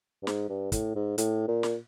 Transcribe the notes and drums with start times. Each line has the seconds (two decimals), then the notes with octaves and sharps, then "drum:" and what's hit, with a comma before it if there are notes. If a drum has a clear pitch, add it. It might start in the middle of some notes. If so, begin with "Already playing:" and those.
0.22 G2
0.27 G#2, drum: snare
0.49 G2
0.72 A2, drum: kick, hi-hat
0.95 G#2
1.18 A2, drum: hi-hat
1.48 A#2
1.63 drum: snare